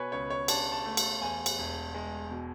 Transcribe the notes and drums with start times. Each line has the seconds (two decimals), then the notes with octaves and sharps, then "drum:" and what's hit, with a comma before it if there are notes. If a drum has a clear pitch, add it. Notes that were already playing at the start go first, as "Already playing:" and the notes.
Already playing: B2 B4 C#5 G#5
0.12 C#2 C#5
0.30 C#5
0.48 D4 A5, drum: cymbal
0.72 A5
0.85 A3
0.97 drum: cymbal
1.21 E2 G#5
1.46 drum: cymbal
1.58 E1
1.94 G#3
2.31 B2